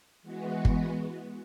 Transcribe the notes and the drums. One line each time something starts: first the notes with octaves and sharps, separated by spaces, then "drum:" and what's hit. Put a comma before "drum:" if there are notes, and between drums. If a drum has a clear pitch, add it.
E3 G#3 B3 F#4
drum: kick G1